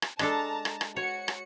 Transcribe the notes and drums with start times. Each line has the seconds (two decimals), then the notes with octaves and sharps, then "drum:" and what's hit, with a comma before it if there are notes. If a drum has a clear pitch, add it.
0.02 drum: rim click
0.19 G#3 D4 A4 A5 A#5, drum: rim click
0.65 drum: rim click
0.81 drum: rim click
0.96 F#4 C#5 C#7
1.28 drum: rim click